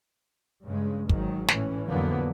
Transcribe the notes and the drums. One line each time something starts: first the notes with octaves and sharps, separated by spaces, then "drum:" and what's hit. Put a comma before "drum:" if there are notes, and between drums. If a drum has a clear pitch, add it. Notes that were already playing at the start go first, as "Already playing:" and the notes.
G2 C#3 G#3
G#1 G#2 D#3 F#3, drum: kick
A2 E3 C#4, drum: snare
F2 D3 E3 F#3 A#3 B3